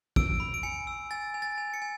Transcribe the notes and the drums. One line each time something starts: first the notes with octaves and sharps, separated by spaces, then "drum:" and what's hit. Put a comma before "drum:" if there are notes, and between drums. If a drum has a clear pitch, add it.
E6 D7, drum: kick
B5
D7
G#5 C#7
E6
G#5 A6
G#5
A6
G#5
C#7
G#5